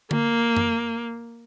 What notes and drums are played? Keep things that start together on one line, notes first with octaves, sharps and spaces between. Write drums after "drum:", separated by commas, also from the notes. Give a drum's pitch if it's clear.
A#3, drum: tom D3
drum: tom F#2